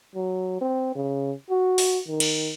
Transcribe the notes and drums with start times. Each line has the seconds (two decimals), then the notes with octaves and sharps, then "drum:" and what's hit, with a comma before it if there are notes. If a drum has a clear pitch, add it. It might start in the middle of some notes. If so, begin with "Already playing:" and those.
0.15 F#3
0.61 C4
0.95 C#3
1.51 F#4
1.78 drum: open hi-hat
2.08 D#3
2.20 drum: cymbal